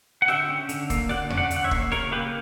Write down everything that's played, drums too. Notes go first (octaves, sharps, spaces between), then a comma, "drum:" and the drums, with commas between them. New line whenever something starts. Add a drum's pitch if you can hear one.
F#5
D3 E5 G5, drum: snare
C#4
D3, drum: hi-hat
A#3, drum: kick, hi-hat
D3 D5 F#5, drum: snare
C#4, drum: tom E2
D5 F#5
D3, drum: hi-hat
F#5
C#5 E5
A#3, drum: kick
C#3 A#4 C#5, drum: snare
A#3 G4 B4